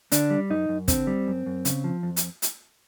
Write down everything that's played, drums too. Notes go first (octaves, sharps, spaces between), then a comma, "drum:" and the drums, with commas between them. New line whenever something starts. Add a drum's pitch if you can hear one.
D3 D4, drum: hi-hat
G3
F#2 D#4
F#2
D3 C4, drum: kick, hi-hat
G3
F#2
F#2
C#3, drum: hi-hat
F3
F2
drum: hi-hat
drum: hi-hat